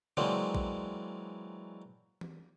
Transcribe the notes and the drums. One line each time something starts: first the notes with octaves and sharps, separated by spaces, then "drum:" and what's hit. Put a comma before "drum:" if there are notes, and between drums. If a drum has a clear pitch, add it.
E3 F#3 G#3 A#3 C4 D4, drum: tom C#3
drum: kick A#1
drum: tom E3